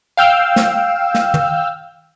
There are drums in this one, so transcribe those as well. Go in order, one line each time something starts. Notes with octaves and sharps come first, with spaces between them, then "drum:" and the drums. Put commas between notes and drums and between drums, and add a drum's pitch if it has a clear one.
F5 G5 E6
drum: snare
drum: snare
drum: tom